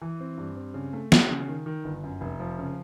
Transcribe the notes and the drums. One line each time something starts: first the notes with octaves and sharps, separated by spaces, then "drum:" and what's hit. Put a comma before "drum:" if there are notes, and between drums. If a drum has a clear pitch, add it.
E3
C4
G2
C4
C#3
A3
F#3, drum: snare
C#3
D#3
D#3
G1
F#2
F1
F3
C#3